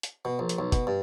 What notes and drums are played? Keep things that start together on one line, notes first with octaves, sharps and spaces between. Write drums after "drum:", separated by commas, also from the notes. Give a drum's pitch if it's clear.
drum: hi-hat
B2
A#1
drum: hi-hat
B1
B2, drum: kick, hi-hat
G2